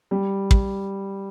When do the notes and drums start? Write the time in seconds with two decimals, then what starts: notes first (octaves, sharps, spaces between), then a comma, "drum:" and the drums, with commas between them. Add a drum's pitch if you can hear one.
0.11 G3
0.51 drum: kick